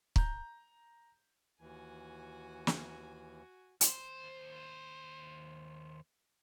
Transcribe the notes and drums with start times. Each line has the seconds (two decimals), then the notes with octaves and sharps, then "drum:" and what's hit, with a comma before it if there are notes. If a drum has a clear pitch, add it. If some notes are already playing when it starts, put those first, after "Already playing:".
0.16 A#5 G6, drum: kick
1.61 D#2 E3 F#4 G#5
2.67 drum: snare
3.81 D#2 C5, drum: hi-hat